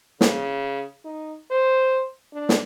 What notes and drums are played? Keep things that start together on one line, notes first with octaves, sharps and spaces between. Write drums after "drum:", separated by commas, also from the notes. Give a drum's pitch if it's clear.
C#3, drum: snare
D#4
C5
D4
drum: snare